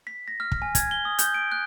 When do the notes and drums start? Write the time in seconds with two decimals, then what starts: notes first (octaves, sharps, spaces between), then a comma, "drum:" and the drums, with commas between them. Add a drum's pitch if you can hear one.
0.07 B6
0.28 A#6
0.40 F6
0.52 drum: kick
0.62 G#5
0.75 G#6, drum: kick, hi-hat
0.91 G7
1.05 D#6
1.19 G6, drum: hi-hat
1.34 D7
1.52 F#6